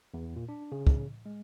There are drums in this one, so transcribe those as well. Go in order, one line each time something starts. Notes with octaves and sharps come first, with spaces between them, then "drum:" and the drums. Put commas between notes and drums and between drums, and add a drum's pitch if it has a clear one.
E2
A#2
D4
C#3
drum: kick
G#3